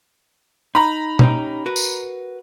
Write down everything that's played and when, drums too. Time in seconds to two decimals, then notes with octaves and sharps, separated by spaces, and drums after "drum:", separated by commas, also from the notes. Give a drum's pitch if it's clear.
0.75 D#4 A#5 B5
1.19 C#4 D#4 G4, drum: tom B2
1.66 F#4 A#4 B4
1.76 drum: tambourine